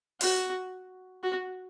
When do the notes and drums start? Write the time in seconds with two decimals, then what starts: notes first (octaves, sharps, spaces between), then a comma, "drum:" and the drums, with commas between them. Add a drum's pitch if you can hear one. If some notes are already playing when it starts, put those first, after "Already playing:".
0.21 F#4, drum: open hi-hat
1.23 F#4